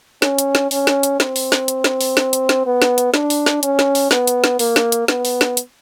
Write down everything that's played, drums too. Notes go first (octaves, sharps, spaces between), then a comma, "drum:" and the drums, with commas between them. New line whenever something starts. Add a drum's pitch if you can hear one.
C#4, drum: snare
drum: hi-hat
drum: snare
C#4, drum: open hi-hat
drum: snare
drum: hi-hat
C4, drum: snare
drum: open hi-hat
drum: snare
drum: hi-hat
drum: snare
drum: open hi-hat
drum: snare
drum: hi-hat
drum: snare
B3
drum: snare
drum: hi-hat
D4, drum: snare
drum: open hi-hat
drum: snare
C#4, drum: hi-hat
drum: snare
drum: open hi-hat
B3, drum: snare
drum: hi-hat
drum: snare
A#3, drum: open hi-hat
drum: snare
drum: hi-hat
B3, drum: snare
drum: open hi-hat
drum: snare
drum: hi-hat